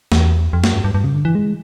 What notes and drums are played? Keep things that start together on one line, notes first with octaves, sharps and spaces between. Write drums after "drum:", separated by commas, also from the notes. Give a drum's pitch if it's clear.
E2, drum: snare
F2
F#2, drum: snare
G2
G2
G2
C#3
D3
E3
G#3